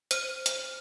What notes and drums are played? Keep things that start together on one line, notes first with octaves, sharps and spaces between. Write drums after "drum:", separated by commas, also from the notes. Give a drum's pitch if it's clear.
C5 F6 D#7, drum: hi-hat
drum: hi-hat